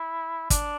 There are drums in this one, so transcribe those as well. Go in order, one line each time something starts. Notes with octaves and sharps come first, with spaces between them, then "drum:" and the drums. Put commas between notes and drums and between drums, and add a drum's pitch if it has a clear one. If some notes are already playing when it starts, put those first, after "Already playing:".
Already playing: E4
D4, drum: kick, hi-hat